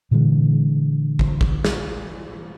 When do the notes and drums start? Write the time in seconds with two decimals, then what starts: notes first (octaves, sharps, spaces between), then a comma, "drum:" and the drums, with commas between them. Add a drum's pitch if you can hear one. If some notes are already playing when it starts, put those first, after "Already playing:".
0.11 A#2 D3 E3 G#3
1.19 drum: kick
1.41 drum: kick
1.65 drum: snare